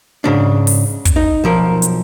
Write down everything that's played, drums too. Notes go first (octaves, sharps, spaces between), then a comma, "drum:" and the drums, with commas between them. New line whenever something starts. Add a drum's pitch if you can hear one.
G#2 C#3 D4
drum: open hi-hat
drum: kick, hi-hat
D#4
B1 F3 A#4
drum: hi-hat